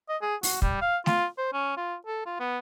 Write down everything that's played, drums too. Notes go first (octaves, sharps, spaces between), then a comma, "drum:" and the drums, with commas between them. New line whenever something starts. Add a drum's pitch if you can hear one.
D#5
G#4
F#4, drum: open hi-hat
G3, drum: kick
F5
F4, drum: snare A3
C5
C#4
F4
A4
F4
B3